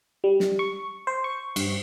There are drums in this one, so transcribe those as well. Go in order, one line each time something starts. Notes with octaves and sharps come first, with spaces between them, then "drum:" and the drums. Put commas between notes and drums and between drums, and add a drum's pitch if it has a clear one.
G3
drum: snare
C#6
C5
C#6
G2, drum: cymbal